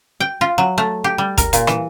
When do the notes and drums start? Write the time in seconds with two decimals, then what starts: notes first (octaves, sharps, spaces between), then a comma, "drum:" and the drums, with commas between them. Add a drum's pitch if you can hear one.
0.20 G5
0.41 F4
0.58 F#3
0.78 A3
1.04 G4
1.18 G3
1.38 A#4, drum: kick, hi-hat
1.53 A#2, drum: hi-hat
1.67 E3, drum: rim click